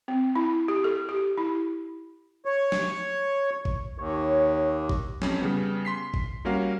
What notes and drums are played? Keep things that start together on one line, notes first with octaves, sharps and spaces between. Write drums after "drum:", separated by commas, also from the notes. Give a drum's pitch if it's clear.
C4
E4
G4
A4
G4
E4
C#5
drum: snare
drum: kick G#1
D#2 C#5
drum: kick G#1
F2 C#4, drum: snare
C#3 G3 B3
C6 B6 C7
drum: kick G#1
G3 A#3 C#4 F#4 A#4 F5